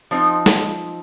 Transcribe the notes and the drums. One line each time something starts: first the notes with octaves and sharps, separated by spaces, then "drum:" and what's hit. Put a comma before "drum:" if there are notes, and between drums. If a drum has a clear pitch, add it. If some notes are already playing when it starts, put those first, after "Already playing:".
F3 C4 D#4
drum: snare